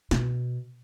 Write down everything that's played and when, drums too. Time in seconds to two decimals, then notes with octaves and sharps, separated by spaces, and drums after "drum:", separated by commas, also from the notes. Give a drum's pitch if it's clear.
0.11 B2, drum: snare